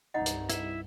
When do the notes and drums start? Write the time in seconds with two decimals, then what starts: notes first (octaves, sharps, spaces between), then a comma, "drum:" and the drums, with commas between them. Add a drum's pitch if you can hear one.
0.14 C2 G2 D#4 D#5 F#5
0.26 drum: hi-hat
0.50 E4 E5, drum: hi-hat